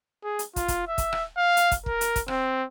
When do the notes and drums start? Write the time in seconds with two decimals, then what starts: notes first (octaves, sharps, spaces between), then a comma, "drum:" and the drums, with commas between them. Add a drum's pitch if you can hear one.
0.24 G#4
0.39 drum: hi-hat
0.56 F4, drum: kick, hi-hat
0.68 drum: kick, hi-hat
0.88 E5
0.98 drum: kick, hi-hat
1.13 drum: rim click
1.37 F5
1.57 drum: hi-hat
1.71 drum: kick, hi-hat
1.86 A#4, drum: kick
2.01 drum: hi-hat
2.16 drum: kick, hi-hat
2.28 C4, drum: rim click